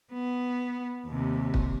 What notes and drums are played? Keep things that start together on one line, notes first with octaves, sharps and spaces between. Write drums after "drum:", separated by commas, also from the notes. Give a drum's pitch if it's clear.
B3
D#2 C3
drum: kick